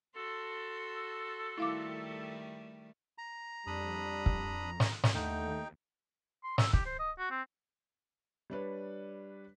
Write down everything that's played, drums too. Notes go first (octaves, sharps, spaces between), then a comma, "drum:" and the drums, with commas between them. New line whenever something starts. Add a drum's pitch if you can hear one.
F#4 A4 C6
D#3 G3 A3 E4 F5 D6
A#5
F2 G3 D4 B5 D#6
drum: kick
drum: snare
drum: snare
D#2 D3 A3 D#4 G5
C6
E6, drum: snare
G4, drum: kick
C5
D#5
F#4
C4
G3 D4 B4 C#5